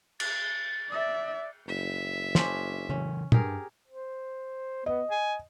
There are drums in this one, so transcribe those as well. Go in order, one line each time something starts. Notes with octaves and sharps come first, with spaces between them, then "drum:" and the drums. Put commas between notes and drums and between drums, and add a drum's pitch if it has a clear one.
A6, drum: cymbal
D5 E5
F#1 E5
C#4 D4 C5, drum: snare
C#3 E3 C#4
G2 D4 G4 G#4 A#4, drum: tom
C5
B3 D#5
G#5